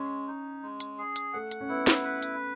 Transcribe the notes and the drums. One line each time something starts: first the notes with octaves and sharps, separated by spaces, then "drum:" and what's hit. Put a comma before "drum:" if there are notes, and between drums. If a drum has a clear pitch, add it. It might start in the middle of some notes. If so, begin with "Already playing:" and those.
Already playing: G#3 C#4
D#4
G#3
drum: hi-hat
G#4
drum: hi-hat
A3 F#5
drum: hi-hat
C#4
B3 E4
drum: snare
B4
drum: hi-hat